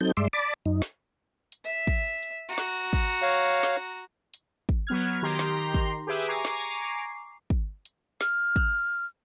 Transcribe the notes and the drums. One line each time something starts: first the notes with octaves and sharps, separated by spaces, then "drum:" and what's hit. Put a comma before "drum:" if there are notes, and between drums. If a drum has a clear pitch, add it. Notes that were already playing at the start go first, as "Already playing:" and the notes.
F#3 C4 D#4 A4 G6
G2 G#3 D5 E5 C6
D5 A5 B5 D6
F#2 D#4
drum: snare
drum: hi-hat
E5
drum: kick
drum: hi-hat
F#4 A#5
drum: snare
drum: kick, hi-hat
C#5 F5
drum: snare
drum: hi-hat
drum: kick
F#3 B3 F6 G#6
drum: hi-hat
D#3 G4 A#5 C6
drum: snare
drum: kick, hi-hat
G4 G#4 B4 E5
G#5 A#5 C#6 D6 C7
drum: snare
drum: kick
drum: hi-hat
F6, drum: snare
drum: kick, hi-hat